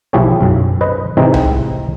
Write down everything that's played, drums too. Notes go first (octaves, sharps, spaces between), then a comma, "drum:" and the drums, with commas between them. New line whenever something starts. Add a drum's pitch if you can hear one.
B1 F3 E4 G4 G#4 C#5
B1 F#2
B4 C5 D#5
A2 C3 E3 G#3 C4 D#4
drum: tom C2